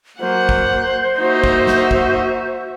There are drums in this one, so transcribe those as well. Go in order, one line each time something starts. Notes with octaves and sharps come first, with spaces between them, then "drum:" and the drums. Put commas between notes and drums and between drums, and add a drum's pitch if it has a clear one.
F#3 A#3 C5 F#5
drum: kick
A#3 D#4 F#4 E5
drum: kick
drum: snare
drum: kick